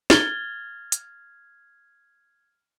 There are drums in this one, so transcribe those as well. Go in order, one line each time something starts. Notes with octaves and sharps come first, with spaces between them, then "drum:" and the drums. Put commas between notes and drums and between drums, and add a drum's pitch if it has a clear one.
F6 G#6 A6 G7, drum: snare
drum: hi-hat